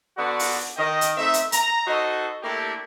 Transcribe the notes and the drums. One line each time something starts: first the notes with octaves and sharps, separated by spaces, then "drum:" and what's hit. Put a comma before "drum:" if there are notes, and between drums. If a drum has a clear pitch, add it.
D3 B3 D4 F#4
drum: open hi-hat
D#3 D#5 G5
drum: hi-hat
A3 C4 D#4 E5
drum: hi-hat
A#5, drum: hi-hat
D#4 F#4 A4 C5 D#5
A3 A#3 D4 E4 G4